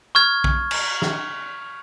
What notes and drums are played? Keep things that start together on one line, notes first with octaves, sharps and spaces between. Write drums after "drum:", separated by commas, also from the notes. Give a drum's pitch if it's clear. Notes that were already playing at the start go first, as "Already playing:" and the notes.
C#6 F6 G#6
drum: kick
drum: cymbal
drum: snare